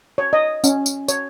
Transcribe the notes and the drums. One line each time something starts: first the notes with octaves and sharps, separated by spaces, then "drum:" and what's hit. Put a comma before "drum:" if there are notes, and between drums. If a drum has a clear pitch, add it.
C#5
D#5
C#4, drum: tambourine
drum: tambourine
C#5, drum: tambourine